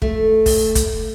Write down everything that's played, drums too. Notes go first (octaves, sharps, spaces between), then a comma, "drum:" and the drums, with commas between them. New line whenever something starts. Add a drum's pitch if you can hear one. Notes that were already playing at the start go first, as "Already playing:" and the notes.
A3, drum: kick
drum: kick, open hi-hat
drum: kick, hi-hat